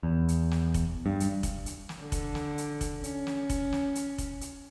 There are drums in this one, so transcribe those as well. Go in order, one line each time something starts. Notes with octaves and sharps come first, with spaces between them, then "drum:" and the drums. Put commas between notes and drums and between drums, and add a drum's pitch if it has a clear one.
E2
drum: hi-hat
drum: snare
drum: kick F1, hi-hat
G2
drum: hi-hat
drum: kick F1, hi-hat
drum: hi-hat
drum: snare
D3
drum: kick F1, hi-hat
drum: snare
drum: hi-hat
drum: kick F1, hi-hat
C#4, drum: hi-hat
drum: snare
drum: kick F1, hi-hat
drum: snare
drum: hi-hat
drum: kick F1, hi-hat
drum: hi-hat